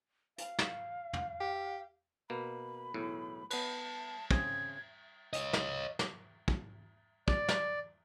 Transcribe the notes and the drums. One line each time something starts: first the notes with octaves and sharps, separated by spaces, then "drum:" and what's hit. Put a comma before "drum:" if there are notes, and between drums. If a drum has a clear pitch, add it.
F5, drum: hi-hat
drum: snare
drum: tom
G4
B2 A#3 B5
B1 E2 A2
B3 B4 A5, drum: cymbal
C#3 C4 G#4 G#6, drum: kick
C#5 D#5, drum: hi-hat
drum: snare
drum: snare
drum: kick
D5, drum: kick
drum: snare